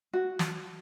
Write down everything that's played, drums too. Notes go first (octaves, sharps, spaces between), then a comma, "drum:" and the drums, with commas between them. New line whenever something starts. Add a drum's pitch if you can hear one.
F#4
drum: snare